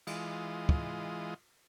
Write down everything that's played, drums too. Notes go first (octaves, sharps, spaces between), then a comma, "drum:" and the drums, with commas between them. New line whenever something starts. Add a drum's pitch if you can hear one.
E3 G#3 F4 D#5, drum: cymbal
drum: kick